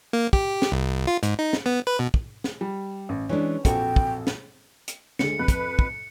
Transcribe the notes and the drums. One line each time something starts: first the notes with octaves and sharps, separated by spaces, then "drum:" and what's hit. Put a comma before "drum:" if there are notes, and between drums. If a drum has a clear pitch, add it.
A#3
G4, drum: kick
drum: snare
C2
F4
G#2, drum: hi-hat
D#4
drum: snare
B3
B4
B2
drum: kick
drum: snare
G3
A1
E3 G#3 C#4 D4
A#1 F2 F#4 A4 G5, drum: kick, hi-hat
drum: kick
drum: snare
drum: hi-hat
D2 D3 G#3 C#7, drum: snare
F2 B4 F#6
drum: kick, hi-hat
drum: kick